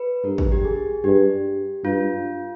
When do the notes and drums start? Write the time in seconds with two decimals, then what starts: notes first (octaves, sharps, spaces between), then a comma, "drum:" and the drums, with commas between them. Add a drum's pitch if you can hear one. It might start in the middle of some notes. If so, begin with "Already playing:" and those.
Already playing: B4
0.24 G2 A#4
0.38 drum: kick
0.52 G4
0.65 G#4
1.04 G2 G4
1.84 G2 F4